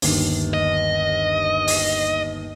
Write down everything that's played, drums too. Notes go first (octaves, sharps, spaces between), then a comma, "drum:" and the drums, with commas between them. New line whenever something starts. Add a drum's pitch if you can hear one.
G1 D#2 D3, drum: open hi-hat
D#5
drum: open hi-hat